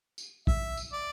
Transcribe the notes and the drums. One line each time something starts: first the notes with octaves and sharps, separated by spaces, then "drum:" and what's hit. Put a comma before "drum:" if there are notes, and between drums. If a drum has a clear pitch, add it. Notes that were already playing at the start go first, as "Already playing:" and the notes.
drum: tambourine
E5, drum: kick
drum: tambourine
D5